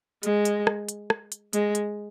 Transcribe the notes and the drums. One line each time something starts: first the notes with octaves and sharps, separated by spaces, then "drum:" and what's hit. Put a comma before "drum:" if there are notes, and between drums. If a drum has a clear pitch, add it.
G#3, drum: hi-hat
drum: hi-hat
drum: rim click
drum: hi-hat
drum: rim click
drum: hi-hat
G#3, drum: hi-hat
drum: hi-hat